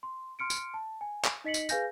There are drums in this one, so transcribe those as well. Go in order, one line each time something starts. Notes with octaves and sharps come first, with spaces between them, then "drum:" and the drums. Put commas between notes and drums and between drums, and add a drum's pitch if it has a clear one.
C6
C6 F6 C#7 D7
drum: tambourine
A5
G#5
drum: clap
D#4 D#5 B6 C#7 F#7
drum: tambourine
G#4 B4 F5 G#5 G6 A#6, drum: tambourine